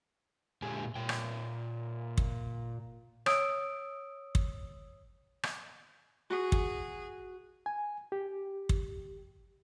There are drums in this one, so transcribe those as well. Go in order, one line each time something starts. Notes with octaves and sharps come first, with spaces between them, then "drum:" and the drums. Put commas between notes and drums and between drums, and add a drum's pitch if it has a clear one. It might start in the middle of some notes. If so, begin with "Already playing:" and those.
A#2 D3 G#3 G4 G#5
A#2 G5
drum: rim click
drum: kick
C#5 D#6 E6 D7, drum: rim click
drum: kick
drum: rim click
F#4 G#4
drum: kick
G#5
G4
drum: kick